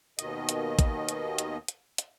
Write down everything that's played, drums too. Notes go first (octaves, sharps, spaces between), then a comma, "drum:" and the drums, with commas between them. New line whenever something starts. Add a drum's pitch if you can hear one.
D#2 B2 D#3 D#5, drum: hi-hat
drum: hi-hat
drum: kick A1, hi-hat
drum: hi-hat
drum: hi-hat
drum: hi-hat
drum: hi-hat